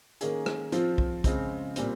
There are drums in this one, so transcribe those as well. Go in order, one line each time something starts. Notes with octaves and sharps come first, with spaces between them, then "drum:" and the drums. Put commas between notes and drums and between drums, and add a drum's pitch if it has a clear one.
D#3 A#3 C#4 G#4, drum: hi-hat
drum: rim click
F3 C4 F4, drum: hi-hat
drum: kick
C#3 G#3 C4, drum: kick, hi-hat
A#2 G3 C4, drum: hi-hat